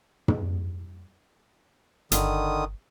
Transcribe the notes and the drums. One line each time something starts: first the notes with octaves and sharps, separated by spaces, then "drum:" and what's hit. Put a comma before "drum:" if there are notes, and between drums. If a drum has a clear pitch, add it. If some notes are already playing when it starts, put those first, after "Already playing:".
drum: tom
G1 D3 D#3 D#6, drum: hi-hat